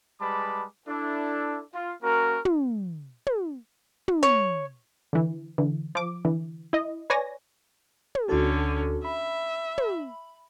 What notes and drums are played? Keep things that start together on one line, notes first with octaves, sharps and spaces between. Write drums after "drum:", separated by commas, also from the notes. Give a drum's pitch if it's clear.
G3 G#3 B4 A5 B5 D6
D4 E4 A4
F4
A#3 C#4 F#4 A#4
drum: tom
drum: tom
drum: tom
C#5
D3 E3
D3 E3
F3 D6
D3 E3
E4 D#5
B4 C#5 D5 G#5 A#6
drum: tom
D2 D3 C#4 F#4 A4
E5 B5
drum: tom